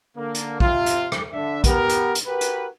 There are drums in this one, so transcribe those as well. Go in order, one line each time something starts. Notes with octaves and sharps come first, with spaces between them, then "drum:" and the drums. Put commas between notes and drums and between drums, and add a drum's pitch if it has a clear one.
D3 A#3
drum: hi-hat
C3 F4, drum: kick A#1
drum: hi-hat
drum: rim click
D3 D4 E5
B3 G4 A#4, drum: kick A#1, hi-hat
drum: hi-hat
drum: hi-hat
F#4 G4 A#4 B4
drum: hi-hat